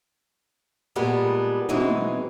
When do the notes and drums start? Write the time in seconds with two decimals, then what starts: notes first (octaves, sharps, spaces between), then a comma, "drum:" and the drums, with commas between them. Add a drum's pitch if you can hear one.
0.96 A#2 G3 G#3 B3 G4 A4
1.69 B2 E3 G#3 C4 D#4, drum: tom